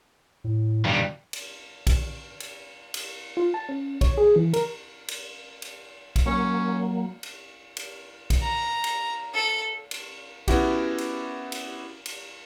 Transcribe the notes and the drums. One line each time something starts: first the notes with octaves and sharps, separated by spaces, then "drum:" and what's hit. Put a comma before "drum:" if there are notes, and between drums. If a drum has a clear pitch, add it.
A2
G2 B2 D3 D#3 G3
drum: cymbal
drum: kick B1, cymbal
drum: cymbal
drum: cymbal
F4
A5
C#4
C#5, drum: kick B1, cymbal
G#4
E3
A#4, drum: cymbal
drum: cymbal
drum: cymbal
drum: kick B1, cymbal
F#3 A#3 C#4
drum: cymbal
drum: cymbal
drum: kick B1, cymbal
A#5
drum: cymbal
A4
drum: cymbal
B3 C#4 E4 F#4 G4, drum: kick B1, cymbal
drum: cymbal
drum: cymbal
drum: cymbal